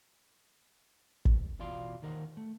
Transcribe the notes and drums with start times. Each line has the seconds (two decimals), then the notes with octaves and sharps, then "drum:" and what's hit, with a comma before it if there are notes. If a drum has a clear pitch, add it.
1.25 drum: kick
1.60 E2 B2 F4 D5 F5 C6
2.02 D#2 D#3 A#4 C5 C#5 F#5
2.37 A3